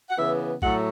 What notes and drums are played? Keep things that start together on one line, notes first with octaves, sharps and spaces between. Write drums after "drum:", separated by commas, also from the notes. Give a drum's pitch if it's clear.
F#5
C#3 E3 B3 E5
A2 F#3 A3 F#5, drum: kick